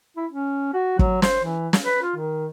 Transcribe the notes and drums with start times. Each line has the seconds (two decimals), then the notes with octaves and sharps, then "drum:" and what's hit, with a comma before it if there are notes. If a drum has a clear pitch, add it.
0.17 E4
0.32 C#4
0.74 F#4
0.99 F#3, drum: kick
1.22 C5, drum: snare
1.44 E3
1.73 drum: snare
1.85 B4
2.03 F4
2.16 D#3